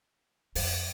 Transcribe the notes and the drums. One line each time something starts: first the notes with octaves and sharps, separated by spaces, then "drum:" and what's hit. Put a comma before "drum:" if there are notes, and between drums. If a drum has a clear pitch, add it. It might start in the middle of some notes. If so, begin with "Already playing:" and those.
F2, drum: open hi-hat